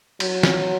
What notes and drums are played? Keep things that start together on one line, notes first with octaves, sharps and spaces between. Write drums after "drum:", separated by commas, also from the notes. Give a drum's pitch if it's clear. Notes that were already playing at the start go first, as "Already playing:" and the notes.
F#3, drum: cymbal
drum: snare